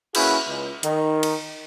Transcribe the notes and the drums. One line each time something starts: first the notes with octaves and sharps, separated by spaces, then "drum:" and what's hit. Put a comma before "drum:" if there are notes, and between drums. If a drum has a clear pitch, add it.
A#3 C#4 E4 F#4 G#4 B4, drum: cymbal
C#2
D#3, drum: hi-hat
drum: cymbal